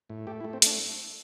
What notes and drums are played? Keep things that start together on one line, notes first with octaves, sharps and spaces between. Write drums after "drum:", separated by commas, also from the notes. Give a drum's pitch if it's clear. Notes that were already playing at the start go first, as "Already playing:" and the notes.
A2
A3 G4
E4
A3
C4
A3 D4, drum: hi-hat